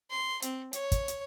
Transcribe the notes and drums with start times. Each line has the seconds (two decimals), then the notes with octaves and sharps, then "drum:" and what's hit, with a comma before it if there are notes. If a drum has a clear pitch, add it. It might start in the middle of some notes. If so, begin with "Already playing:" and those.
0.10 C6
0.42 C4, drum: hi-hat
0.73 C#5, drum: hi-hat
0.92 drum: kick, hi-hat
1.08 drum: hi-hat